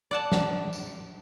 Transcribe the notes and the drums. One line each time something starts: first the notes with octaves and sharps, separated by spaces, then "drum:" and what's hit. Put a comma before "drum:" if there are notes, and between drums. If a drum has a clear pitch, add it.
D5 F#5 A5
drum: snare
drum: tambourine